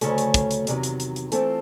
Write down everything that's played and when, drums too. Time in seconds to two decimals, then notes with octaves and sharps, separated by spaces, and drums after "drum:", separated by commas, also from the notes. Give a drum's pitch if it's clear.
0.01 D2 C#3 F#3 A3 C#4, drum: hi-hat
0.18 drum: hi-hat
0.34 drum: kick, hi-hat
0.51 drum: hi-hat
0.67 E2 C3 D#3 F#3, drum: hi-hat
0.83 drum: hi-hat
1.00 drum: hi-hat
1.16 drum: hi-hat
1.32 E3 A3 C4 F4 A4, drum: hi-hat